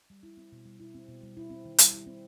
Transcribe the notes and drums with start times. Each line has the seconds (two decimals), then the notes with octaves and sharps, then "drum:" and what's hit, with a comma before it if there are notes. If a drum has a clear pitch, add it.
0.10 G3
0.23 E4
0.37 C4
0.52 B2
0.65 G3
0.80 E4
0.94 C4
1.08 B2
1.23 G3
1.37 E4
1.50 C4
1.65 D#3
1.78 G3, drum: hi-hat
1.93 E4
2.07 C4